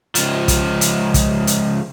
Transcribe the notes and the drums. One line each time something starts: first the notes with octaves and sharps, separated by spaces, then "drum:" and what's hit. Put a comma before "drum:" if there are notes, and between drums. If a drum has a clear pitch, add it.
C#2 F3, drum: hi-hat
drum: kick, hi-hat
drum: hi-hat
drum: kick, hi-hat
drum: hi-hat